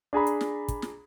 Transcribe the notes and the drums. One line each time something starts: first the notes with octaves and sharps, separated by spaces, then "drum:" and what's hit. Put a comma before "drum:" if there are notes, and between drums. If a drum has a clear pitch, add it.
D4 G#4 A#5 B5
drum: hi-hat
drum: snare
drum: kick, hi-hat
drum: snare